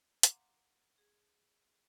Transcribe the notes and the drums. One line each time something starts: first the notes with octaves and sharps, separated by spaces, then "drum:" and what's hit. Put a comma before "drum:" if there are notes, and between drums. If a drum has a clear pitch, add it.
F5 F#5 G#5 A#5 C6 D6, drum: hi-hat
G#4